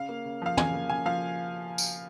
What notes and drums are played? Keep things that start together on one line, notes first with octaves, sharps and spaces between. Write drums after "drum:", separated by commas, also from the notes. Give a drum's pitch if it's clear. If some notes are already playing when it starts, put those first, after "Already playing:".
Already playing: C#3 F5
A#3
C#3
F3 F5
C#3 G#5, drum: tom
A#3
C#3 G#5
F3 F5
drum: tambourine